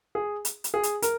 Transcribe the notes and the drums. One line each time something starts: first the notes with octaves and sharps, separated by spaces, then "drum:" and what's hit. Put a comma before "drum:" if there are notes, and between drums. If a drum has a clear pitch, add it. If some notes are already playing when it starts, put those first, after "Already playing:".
G#4
drum: hi-hat
drum: hi-hat
G#4
drum: hi-hat
A#4, drum: hi-hat